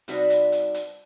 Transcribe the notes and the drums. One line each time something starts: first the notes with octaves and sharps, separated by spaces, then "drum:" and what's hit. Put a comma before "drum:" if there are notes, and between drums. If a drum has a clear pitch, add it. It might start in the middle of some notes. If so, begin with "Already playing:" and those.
C3 G3 D4 D#4 F#4 B4, drum: hi-hat
drum: hi-hat
drum: hi-hat
drum: hi-hat